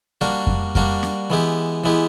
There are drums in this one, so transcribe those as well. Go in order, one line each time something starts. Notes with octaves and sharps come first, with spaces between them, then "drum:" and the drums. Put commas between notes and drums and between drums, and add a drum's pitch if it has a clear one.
G3 A#3 D4 F#4 A#4
drum: kick F2
G3 A#3 D4 F#4 A#4, drum: kick F2
drum: snare
E3 G#3 B3 E4 G4
E3 G#3 B3 E4 G4